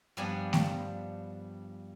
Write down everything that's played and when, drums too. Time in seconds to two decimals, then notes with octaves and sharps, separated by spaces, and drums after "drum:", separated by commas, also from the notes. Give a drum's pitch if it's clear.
0.17 G2 F3 G3 B3 D4 G#5
0.53 drum: snare A3